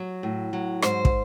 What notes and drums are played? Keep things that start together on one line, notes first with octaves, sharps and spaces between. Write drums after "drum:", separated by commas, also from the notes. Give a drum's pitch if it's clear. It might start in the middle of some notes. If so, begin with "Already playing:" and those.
Already playing: F#3
A2
F#3
G#2 C5, drum: rim click
drum: kick